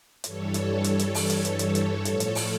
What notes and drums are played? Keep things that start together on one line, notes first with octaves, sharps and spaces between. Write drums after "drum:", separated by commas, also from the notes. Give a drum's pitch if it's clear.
G2 E3 G3 A4 C#5, drum: hi-hat
drum: hi-hat
drum: hi-hat
drum: hi-hat
drum: open hi-hat
drum: hi-hat
drum: hi-hat
A4 C#5, drum: hi-hat
drum: hi-hat
A2 F3, drum: hi-hat
drum: hi-hat
drum: open hi-hat